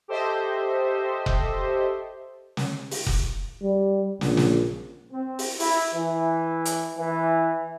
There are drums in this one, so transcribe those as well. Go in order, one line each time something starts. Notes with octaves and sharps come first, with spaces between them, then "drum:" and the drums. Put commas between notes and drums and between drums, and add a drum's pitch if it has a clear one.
G4 A4 C5 D#5 E5
drum: kick F1
drum: snare
drum: open hi-hat
drum: kick F1
G3
A#1, drum: snare
drum: snare
C4
drum: open hi-hat
E4, drum: open hi-hat
E3
drum: hi-hat
E3